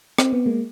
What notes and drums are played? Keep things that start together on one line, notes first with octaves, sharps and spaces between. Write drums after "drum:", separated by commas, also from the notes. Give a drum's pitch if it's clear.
C4, drum: rim click
B3
G#3 A#3